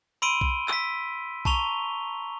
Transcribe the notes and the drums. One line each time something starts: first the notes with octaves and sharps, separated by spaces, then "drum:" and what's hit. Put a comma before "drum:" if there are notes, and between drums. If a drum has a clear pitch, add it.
B5 C6 E6 D7 D#7 G7
drum: kick B1
E6 B6, drum: clap
A5 A#5 C#6 F7 G7, drum: kick B1